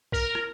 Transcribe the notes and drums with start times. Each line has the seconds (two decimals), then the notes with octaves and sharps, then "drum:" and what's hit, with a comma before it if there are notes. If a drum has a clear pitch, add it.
0.12 A#4, drum: kick
0.35 drum: rim click